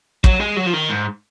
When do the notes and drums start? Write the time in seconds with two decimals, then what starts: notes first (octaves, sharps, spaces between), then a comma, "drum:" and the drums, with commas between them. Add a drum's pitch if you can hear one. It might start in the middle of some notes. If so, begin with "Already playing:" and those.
0.24 F#3, drum: kick
0.40 G#3
0.57 F#3
0.66 F3
0.73 D#3
0.89 G#2